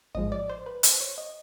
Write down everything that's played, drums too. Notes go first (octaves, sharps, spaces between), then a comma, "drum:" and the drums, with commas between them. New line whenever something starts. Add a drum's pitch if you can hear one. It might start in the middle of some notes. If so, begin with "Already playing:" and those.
A1 G#2 F3 G#3 D#5
D5
C5
B4
C5, drum: hi-hat
C#5
D#5